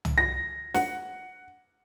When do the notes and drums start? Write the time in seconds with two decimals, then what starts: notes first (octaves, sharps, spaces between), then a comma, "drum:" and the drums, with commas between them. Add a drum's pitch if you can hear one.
0.05 drum: tom
0.18 A#6
0.74 F#5, drum: snare